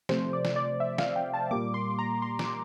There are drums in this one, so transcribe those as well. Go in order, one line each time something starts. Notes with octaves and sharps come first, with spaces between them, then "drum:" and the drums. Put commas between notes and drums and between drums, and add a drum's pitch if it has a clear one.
C3 F3 A3 C5, drum: snare
D5
drum: snare
D5
E5
F5, drum: snare
G5
A5
A#2 G3 A#3 D6
C6
A#5
C6
D6, drum: snare